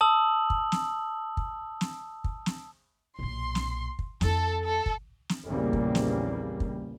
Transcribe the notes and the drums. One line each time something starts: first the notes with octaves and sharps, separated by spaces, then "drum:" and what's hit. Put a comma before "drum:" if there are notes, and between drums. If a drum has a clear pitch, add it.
A5 D#6 E6 F#7
drum: kick
drum: snare
drum: kick
drum: snare
drum: kick
drum: snare
B1 A#2 C6
drum: snare
drum: kick
F2 E4 A4, drum: snare
A4
drum: kick
drum: snare
A#1 E2 C#3 G3 A#3 C4
drum: kick
drum: snare
drum: kick